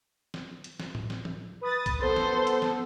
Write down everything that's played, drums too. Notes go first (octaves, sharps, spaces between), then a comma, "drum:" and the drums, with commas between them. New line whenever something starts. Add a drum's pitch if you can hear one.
drum: snare
drum: hi-hat
drum: snare
drum: tom A2
drum: snare
drum: tom E3
B4 D#6 A6
drum: kick A#1, hi-hat
B3 A4 C5
drum: snare
drum: hi-hat
drum: snare